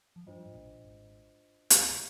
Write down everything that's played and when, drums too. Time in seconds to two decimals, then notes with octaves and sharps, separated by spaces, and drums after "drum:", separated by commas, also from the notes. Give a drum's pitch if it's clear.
0.16 F3
0.26 G2 G3 D4 F4 C5 D#5
0.45 G#2
0.55 A#1 A#2
0.84 G#1 G#2
1.70 drum: hi-hat
1.91 C3